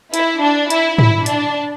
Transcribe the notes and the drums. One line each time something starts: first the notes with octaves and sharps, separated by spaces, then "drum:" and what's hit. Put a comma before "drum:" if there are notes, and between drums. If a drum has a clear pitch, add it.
E4, drum: hi-hat
D4
E4, drum: hi-hat
E4, drum: tom G#2
D4, drum: hi-hat